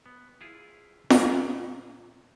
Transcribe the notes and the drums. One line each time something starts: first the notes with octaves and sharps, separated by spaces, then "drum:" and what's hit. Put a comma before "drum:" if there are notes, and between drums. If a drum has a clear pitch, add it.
B3
E4 F4 G#4
A#2, drum: snare